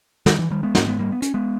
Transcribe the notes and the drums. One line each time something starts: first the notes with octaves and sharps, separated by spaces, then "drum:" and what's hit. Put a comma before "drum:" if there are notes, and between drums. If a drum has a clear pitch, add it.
D#3 G3, drum: snare
E3
D#3 G3
G#3 B3
G#2 A#3 C#4, drum: snare
G#3 B3
G3 A#3
B3
C#4, drum: hi-hat
G#3 B3